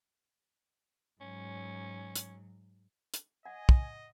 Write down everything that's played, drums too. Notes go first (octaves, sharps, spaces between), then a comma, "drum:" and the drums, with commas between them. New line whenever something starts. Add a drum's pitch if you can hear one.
G#2 F#3 C#4
drum: hi-hat
drum: hi-hat
D#5 F#5 G#5
drum: kick